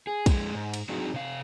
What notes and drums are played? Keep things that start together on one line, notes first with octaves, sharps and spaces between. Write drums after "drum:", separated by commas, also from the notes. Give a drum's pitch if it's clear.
G#4
F2 G#3, drum: kick, cymbal
G#2
drum: cymbal
F#3 C4 D4 D#4 F#4 G#4
C3 F5